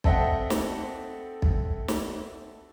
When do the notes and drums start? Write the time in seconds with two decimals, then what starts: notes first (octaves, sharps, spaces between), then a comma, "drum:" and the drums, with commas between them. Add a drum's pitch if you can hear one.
0.04 C4 A4 D#5 E5 F#5 G5, drum: kick
0.50 drum: snare
1.42 drum: kick
1.88 drum: snare